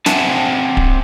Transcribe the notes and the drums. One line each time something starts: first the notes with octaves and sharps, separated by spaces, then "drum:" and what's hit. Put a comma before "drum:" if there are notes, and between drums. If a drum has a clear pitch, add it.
C4 D4 E5 F#5 G#5 A5, drum: snare
drum: kick D1